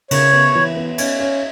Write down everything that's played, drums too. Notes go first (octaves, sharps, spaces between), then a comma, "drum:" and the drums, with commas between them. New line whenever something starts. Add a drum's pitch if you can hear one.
C#3 C#5, drum: cymbal
B3
E3
B3
C#4, drum: cymbal
C#4